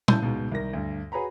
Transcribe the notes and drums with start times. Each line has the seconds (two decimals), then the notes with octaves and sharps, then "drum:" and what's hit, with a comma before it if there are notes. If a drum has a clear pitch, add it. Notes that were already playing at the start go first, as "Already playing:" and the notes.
0.08 C#3 E4 A5 E6 G6 D#7, drum: tom
0.22 C#2 G#2 B2
0.52 C2 D#3 A#4 A#6
0.73 D2 G2
1.12 F#4 G#4 B4 C#5 A#5 B5